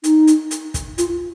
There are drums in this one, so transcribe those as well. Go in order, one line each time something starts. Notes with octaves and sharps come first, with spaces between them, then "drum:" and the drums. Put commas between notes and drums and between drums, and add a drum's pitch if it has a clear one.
D#4, drum: hi-hat
drum: hi-hat
drum: hi-hat
drum: kick, hi-hat
F4, drum: hi-hat